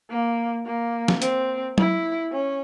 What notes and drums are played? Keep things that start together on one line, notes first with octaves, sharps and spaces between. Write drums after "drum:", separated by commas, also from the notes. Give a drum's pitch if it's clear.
A#3
A#3
drum: snare
C4, drum: hi-hat
E4, drum: tom F#3
C#4